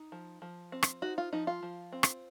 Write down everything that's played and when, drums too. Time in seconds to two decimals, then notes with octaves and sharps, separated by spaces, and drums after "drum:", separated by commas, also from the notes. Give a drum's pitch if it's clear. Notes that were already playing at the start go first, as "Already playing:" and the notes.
Already playing: D#4
0.12 F3
0.42 F3
0.72 C4
0.83 drum: rim click
1.02 D#4 F#4
1.18 F4
1.33 F3 D#4
1.47 F4
1.63 F3
1.93 C4
2.03 drum: rim click